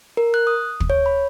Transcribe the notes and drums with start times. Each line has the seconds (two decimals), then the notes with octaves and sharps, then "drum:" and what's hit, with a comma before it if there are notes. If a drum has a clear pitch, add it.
0.17 A#4
0.34 F#6
0.47 D#6
0.80 drum: kick
0.90 C#5
1.06 B5